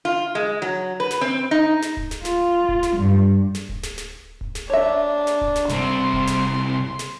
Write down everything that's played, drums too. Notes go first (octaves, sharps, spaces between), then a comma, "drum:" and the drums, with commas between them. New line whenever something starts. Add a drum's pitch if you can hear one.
F4
G#3
F#3
B4
drum: snare
C4
D#4
drum: snare
drum: kick D1
drum: snare
F4, drum: snare
drum: kick D1
drum: snare
G2
drum: snare
drum: kick D1
drum: snare
drum: snare
drum: kick D1
drum: snare
D4 C#5 E5
drum: snare
drum: kick D1
drum: snare
C2 C4 C6, drum: snare
drum: kick D1
drum: snare
drum: snare